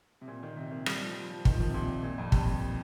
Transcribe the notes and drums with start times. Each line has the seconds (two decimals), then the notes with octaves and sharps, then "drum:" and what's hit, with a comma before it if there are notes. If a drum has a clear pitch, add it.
0.21 C3
0.28 A#2
0.43 D#3
0.57 C3
0.71 D#3
0.86 G3, drum: rim click
1.01 F3
1.15 F3
1.29 F3
1.45 D#3, drum: kick
1.52 F3
1.60 D#3
1.69 C3
1.74 A#2
2.03 A#2
2.18 F2
2.32 G2, drum: kick